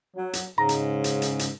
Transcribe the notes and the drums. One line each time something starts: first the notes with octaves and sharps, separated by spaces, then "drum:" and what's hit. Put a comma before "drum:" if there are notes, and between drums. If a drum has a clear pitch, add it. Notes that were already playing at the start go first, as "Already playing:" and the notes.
F#3
drum: hi-hat
G#2 C#3 A#5
drum: hi-hat
drum: hi-hat
drum: hi-hat
drum: hi-hat